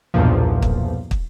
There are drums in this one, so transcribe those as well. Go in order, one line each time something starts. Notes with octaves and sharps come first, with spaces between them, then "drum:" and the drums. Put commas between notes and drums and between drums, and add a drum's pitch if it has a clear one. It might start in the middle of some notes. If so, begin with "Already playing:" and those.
B1 E2 G2 A#2 F3
drum: kick
drum: kick